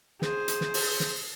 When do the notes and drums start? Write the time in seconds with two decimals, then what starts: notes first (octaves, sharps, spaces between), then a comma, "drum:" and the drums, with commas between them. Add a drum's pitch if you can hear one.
0.22 G#4 C5, drum: snare
0.48 drum: hi-hat
0.61 drum: snare
0.74 drum: open hi-hat
1.00 drum: snare